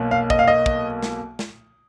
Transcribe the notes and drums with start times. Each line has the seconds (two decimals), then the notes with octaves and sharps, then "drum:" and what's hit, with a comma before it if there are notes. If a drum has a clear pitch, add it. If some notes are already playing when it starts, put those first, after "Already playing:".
Already playing: B1 B2 A#3
0.11 F5
0.30 D#5, drum: kick
0.39 F5
0.48 D#5
0.66 drum: kick
1.03 drum: snare
1.39 drum: snare